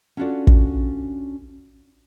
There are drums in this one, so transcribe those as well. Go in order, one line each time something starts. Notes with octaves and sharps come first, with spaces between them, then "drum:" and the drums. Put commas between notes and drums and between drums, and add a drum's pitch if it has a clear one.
C#4 D4 F4 F#4 A4 D5
drum: kick